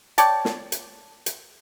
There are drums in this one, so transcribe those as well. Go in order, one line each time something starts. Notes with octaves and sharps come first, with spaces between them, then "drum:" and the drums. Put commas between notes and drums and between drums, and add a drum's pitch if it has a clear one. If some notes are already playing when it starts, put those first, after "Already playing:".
C#5 D5 G5 A5, drum: hi-hat
drum: snare
drum: hi-hat
drum: hi-hat